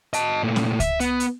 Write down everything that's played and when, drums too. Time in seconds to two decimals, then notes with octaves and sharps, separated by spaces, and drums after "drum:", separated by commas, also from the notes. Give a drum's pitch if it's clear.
0.13 D#5 A5, drum: hi-hat
0.43 A#2 A3
0.56 drum: snare
0.80 E5, drum: kick C#2, hi-hat
1.00 B3, drum: hi-hat
1.20 drum: hi-hat